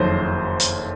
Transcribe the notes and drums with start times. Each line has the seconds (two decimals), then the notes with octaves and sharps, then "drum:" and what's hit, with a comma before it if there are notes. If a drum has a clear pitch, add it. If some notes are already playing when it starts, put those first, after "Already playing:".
Already playing: F#1 F2 D#3 F#3 C5
0.60 drum: hi-hat